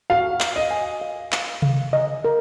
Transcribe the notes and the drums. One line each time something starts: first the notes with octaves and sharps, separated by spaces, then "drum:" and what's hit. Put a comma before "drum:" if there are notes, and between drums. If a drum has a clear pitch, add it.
F#4 F5
F5, drum: clap
D#5
G#5
F5
F5, drum: clap
F5, drum: tom C3
D#5
A#4